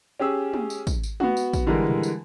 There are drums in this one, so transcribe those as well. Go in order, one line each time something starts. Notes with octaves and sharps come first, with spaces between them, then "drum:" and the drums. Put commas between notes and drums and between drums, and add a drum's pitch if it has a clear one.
C#4 G4 G#4 E6
drum: tom
drum: tambourine
drum: kick, tambourine
drum: tambourine
B3 F#4, drum: tom
drum: tambourine
drum: kick, tambourine
D3 E3 G3 G#3 A#4
drum: tom
drum: tambourine